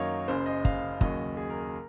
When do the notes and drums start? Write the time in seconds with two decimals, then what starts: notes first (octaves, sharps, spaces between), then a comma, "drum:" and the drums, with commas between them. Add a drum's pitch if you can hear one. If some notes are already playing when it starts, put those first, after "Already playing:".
Already playing: F#2 D#3 F#3 A#3 C#5 D#5 F5
0.28 F#1 F#2 C#3 C5
0.46 D#5
0.65 F5, drum: kick
1.01 D#2 C#3 F#3 D#5, drum: kick
1.37 G#4
1.50 A#4
1.62 A#4